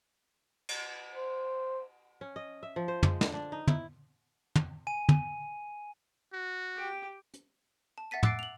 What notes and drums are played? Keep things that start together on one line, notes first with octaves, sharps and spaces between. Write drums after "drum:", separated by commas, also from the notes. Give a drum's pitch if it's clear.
drum: cymbal
C5
C#4
D#5
E5
F3
C5
G#3, drum: tom
D3, drum: snare
D4
D#4
E4, drum: tom
drum: tom
G#5 D#7
drum: tom
F#4
G4 G5
drum: hi-hat
A5
E5 F#5 A6 B6 D#7
D6 E6 F#6 A6 C7 D7, drum: tom
F7 F#7